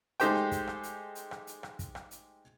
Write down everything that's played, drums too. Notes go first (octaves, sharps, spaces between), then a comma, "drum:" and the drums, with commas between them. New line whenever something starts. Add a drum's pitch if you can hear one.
G#3 A3 D#4 G4 C5 G5, drum: hi-hat
drum: rim click
drum: kick, hi-hat
drum: rim click
drum: hi-hat
drum: hi-hat
drum: rim click
drum: hi-hat
drum: rim click
drum: kick, hi-hat
drum: rim click
drum: hi-hat